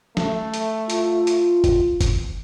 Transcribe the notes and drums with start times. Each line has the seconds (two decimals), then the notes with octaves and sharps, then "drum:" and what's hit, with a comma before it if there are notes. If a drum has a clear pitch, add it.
0.17 A3, drum: snare
0.54 drum: hi-hat
0.90 F4, drum: hi-hat
1.27 drum: hi-hat
1.64 drum: kick, hi-hat
2.01 drum: kick, hi-hat